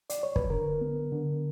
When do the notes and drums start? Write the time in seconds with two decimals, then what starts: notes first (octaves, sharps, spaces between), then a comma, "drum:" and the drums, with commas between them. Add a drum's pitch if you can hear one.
0.10 D5, drum: hi-hat
0.23 C#5
0.36 B4, drum: kick
0.50 D3 A#4
0.81 B3
1.12 D3